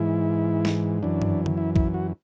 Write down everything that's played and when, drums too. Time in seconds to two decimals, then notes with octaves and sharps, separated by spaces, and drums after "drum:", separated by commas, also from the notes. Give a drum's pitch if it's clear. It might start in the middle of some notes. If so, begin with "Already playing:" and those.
Already playing: G#2 E3 E4
0.65 drum: snare
1.03 F#2 E3 D4
1.22 drum: tom G2
1.46 drum: tom D3
1.57 E4
1.76 E4, drum: kick B1
1.94 F#4